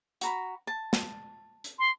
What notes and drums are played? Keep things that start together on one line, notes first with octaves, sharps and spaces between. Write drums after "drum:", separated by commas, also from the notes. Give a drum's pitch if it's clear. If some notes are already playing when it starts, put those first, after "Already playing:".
F#4 A#5 B5, drum: hi-hat
A5
drum: snare
drum: hi-hat
C6